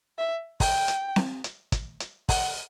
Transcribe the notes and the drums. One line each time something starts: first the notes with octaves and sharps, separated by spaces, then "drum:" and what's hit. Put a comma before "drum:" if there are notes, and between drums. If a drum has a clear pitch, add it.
E5
G5, drum: kick, open hi-hat
drum: hi-hat
drum: snare C4
drum: hi-hat
drum: kick, hi-hat
drum: hi-hat
F#5, drum: kick, open hi-hat